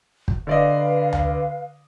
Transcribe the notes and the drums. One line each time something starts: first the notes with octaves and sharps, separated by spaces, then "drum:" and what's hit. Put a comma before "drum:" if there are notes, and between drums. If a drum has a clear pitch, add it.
drum: kick
D3 B4 D5 D#5 F5
drum: tom D2